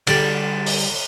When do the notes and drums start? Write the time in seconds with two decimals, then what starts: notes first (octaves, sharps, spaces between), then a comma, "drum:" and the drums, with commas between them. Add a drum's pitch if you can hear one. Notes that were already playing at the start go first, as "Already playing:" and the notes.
0.07 D3 G3, drum: cymbal
0.66 drum: open hi-hat